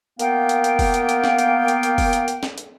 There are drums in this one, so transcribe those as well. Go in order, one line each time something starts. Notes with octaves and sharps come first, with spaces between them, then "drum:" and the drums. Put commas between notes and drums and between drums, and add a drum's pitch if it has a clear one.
A#3 B3 F5 G5, drum: hi-hat
drum: hi-hat
drum: hi-hat
drum: kick F1, open hi-hat
drum: hi-hat
drum: hi-hat
drum: snare
drum: hi-hat
drum: hi-hat
drum: hi-hat
drum: kick F1, open hi-hat
drum: hi-hat
drum: hi-hat
drum: snare
drum: hi-hat